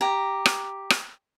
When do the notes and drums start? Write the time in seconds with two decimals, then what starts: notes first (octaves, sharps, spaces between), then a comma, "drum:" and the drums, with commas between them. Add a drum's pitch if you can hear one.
0.01 G4 A#5
0.46 drum: rim click
0.90 drum: rim click